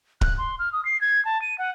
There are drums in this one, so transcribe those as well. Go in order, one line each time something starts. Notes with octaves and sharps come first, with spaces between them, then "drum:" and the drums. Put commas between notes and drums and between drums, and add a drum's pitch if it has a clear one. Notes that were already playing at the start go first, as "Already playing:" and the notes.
F#6, drum: kick D1
C6
F6
D#6
C7
G#6
A5
D#7
F#5